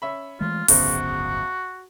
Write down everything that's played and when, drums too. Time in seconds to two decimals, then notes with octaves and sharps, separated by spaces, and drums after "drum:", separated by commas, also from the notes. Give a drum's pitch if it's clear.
0.02 C#4 E5 B5
0.41 E3 G#3 A3 F4
0.68 D1 G1 E2 C#3 F#4 C5, drum: open hi-hat